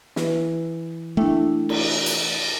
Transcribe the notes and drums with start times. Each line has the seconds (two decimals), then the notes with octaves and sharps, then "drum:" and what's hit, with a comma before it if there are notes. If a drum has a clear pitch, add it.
0.16 E3 B4, drum: snare
1.17 A3 D4 E4 G5
1.69 drum: cymbal
2.06 drum: hi-hat